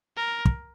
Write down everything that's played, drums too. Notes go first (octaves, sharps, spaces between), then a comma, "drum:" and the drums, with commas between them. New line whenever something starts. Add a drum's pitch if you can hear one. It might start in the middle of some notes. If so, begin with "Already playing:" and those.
A#4
drum: kick